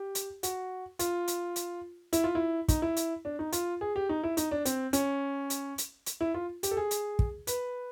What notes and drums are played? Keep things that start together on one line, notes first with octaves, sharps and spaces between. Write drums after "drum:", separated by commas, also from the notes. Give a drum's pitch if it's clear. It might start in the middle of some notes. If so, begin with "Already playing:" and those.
Already playing: G4
drum: hi-hat
F#4, drum: hi-hat
F4, drum: hi-hat
drum: hi-hat
drum: hi-hat
E4, drum: hi-hat
F4
E4
D#4, drum: kick, hi-hat
E4
drum: hi-hat
D4
D#4
F4, drum: hi-hat
G#4
G4
D#4
E4
D#4, drum: hi-hat
D4
C4, drum: hi-hat
C#4, drum: hi-hat
drum: hi-hat
drum: hi-hat
drum: hi-hat
E4
F4
G4, drum: hi-hat
A4
G#4
drum: hi-hat
drum: kick
B4, drum: hi-hat